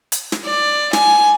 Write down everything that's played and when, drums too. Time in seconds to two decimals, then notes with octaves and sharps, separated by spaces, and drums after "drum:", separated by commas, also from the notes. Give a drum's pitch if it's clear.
0.12 drum: hi-hat
0.32 drum: snare
0.45 D5
0.93 G#5, drum: snare